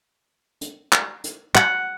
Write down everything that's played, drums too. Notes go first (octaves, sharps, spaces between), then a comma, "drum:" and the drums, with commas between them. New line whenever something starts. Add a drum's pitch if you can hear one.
drum: hi-hat
drum: clap
drum: hi-hat
F#5, drum: clap